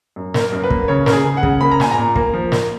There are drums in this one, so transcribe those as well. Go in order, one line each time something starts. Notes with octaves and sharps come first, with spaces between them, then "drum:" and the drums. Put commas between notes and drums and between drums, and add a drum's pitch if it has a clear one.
F#2
A#3, drum: snare
A#4
F#2
B4
A#3, drum: kick
C#3 C#5
C#3 A#4, drum: snare
G#4
C#3
F#5
C#3, drum: kick
A#3 B5
A#5
A#2 G#5, drum: snare
A#5
A#2
A#3, drum: kick
F3
A#3, drum: snare